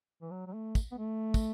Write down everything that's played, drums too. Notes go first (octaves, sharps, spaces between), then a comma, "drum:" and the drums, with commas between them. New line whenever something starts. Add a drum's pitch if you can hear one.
E3
F#3
F#3
A3
drum: kick, tambourine
B3
A3
drum: kick, tambourine